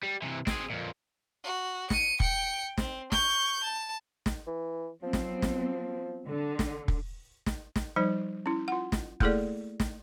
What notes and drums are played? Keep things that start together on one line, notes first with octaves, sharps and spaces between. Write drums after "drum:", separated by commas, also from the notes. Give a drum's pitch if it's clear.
G3
C3 E3
C4 G#4, drum: snare
F2 A#2
F#4
C#7 D#7, drum: snare
G5 C#7, drum: kick
C4, drum: snare
C#6 G6, drum: snare
A5
drum: snare
E3
F3 F#3 B3 C4
drum: snare
drum: snare
D3
drum: snare
drum: kick
drum: snare
drum: snare
F3 G3 D#4 C5
C#4 E4
F4 F#5
drum: snare
A3 A#3 E4 G#4 A4 D5, drum: kick
drum: snare